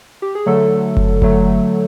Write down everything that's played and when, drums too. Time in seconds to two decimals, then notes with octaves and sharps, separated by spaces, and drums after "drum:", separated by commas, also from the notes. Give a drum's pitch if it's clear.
0.22 G4
0.35 G#4
0.46 D3 F#3 A3 A4
0.97 drum: kick F#1
1.22 D3 F#3 A3, drum: kick F#1